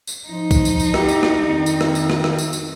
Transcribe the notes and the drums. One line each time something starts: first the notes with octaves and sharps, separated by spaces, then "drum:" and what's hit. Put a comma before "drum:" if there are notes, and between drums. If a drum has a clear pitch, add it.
drum: tambourine
F3 D#4
drum: kick, tambourine
drum: tambourine
drum: tambourine
E4 F#4 G4, drum: rim click
drum: tambourine
drum: rim click
F2 D#3
drum: tambourine
drum: rim click
drum: tambourine
drum: rim click
drum: rim click
drum: tambourine
drum: tambourine